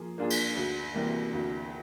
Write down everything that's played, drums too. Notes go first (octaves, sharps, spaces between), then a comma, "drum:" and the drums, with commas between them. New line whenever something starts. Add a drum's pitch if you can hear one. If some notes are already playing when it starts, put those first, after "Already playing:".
Already playing: F3 A#3 G#4
A#3 D4 F4 G#4
drum: cymbal
D2
C3 E3 G3 A#3
D2